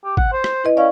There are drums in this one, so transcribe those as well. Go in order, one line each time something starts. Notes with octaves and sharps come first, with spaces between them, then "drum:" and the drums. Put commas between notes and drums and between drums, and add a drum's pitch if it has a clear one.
G4
F#5, drum: kick
C5
drum: rim click
E4 B4 D#5
C#4 D5 F5